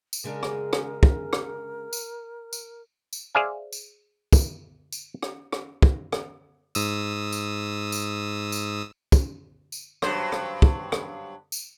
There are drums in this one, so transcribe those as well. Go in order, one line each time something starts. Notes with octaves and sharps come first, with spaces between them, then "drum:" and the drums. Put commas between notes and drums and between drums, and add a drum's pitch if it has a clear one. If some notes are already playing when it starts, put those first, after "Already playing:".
drum: tambourine
C#3 G#3 D4 A#4
drum: rim click
drum: rim click
drum: kick
drum: rim click
drum: tambourine
drum: tambourine
drum: tambourine
G#4 C5 D5 E5 F5 G#5
drum: tambourine
drum: kick, tambourine
drum: tambourine
drum: rim click
drum: rim click
drum: kick
drum: rim click
G#2 D#6 E6, drum: tambourine
drum: tambourine
drum: tambourine
drum: tambourine
drum: kick, tambourine
drum: tambourine
G2 F#3 C5, drum: rim click
drum: rim click
drum: kick
drum: rim click
drum: tambourine